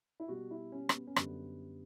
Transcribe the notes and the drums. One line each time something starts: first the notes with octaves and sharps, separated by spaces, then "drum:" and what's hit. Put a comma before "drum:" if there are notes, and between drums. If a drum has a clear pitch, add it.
E4
B2 G3 F#4
E4
C#4
C#4, drum: rim click
B3
C#4
F#2 D3 G3 B3, drum: rim click